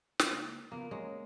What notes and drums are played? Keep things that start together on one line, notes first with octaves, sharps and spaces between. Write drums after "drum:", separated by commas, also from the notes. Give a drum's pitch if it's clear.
drum: snare
C#2 A#3
C#3 A#3 B3 F4
G#3 C#4 C#5 A#5